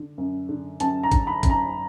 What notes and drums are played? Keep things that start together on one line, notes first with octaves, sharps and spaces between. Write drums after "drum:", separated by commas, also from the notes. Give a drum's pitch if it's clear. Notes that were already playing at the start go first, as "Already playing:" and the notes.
Already playing: D3
F#2
D3
F#2 A5, drum: hi-hat
A#5
D3, drum: kick, hi-hat
B5
F#2, drum: kick, hi-hat
A#5